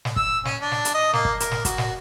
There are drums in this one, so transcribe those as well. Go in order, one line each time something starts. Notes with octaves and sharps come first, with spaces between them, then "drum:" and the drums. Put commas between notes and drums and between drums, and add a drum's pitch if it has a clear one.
drum: snare
E6, drum: kick
C#4, drum: snare
D4
drum: snare
drum: hi-hat
D#5
A#3, drum: snare
drum: kick
A#4, drum: hi-hat
drum: snare
F#4, drum: kick, hi-hat
drum: snare